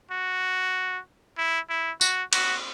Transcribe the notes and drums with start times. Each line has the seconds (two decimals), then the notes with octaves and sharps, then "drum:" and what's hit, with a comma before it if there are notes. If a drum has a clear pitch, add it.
0.11 F#4
1.38 E4
1.69 E4
2.01 F#4, drum: tambourine
2.33 F#4, drum: cymbal